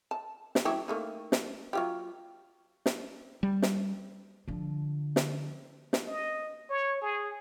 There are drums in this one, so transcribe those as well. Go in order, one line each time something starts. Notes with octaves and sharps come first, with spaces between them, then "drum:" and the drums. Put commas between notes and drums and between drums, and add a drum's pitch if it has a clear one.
A5
drum: snare
F#3 E4 G4
A3 A#3 D#4
drum: snare
F#3 F4 G4
drum: snare
G3
drum: snare
D3 F3
drum: snare
drum: snare
D#5
C#5
G#4